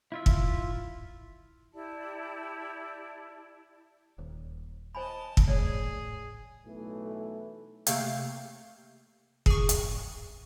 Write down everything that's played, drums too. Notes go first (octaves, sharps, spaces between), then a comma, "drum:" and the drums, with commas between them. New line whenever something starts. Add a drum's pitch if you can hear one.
E4 F4 E5
drum: kick
E4 G4 D5 A5
D#1
C5 D#5 G#5 A5 B5
drum: kick
A2 G#4 C#5 D5
B1 E3 A3
C3 A3 A#3 F5 G6, drum: hi-hat
G#4 C#6, drum: kick
drum: hi-hat